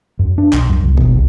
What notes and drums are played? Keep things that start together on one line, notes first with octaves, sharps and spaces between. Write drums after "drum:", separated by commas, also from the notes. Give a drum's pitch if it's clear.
F#2
D4
B1, drum: clap
F#2
C2
B2, drum: kick
C2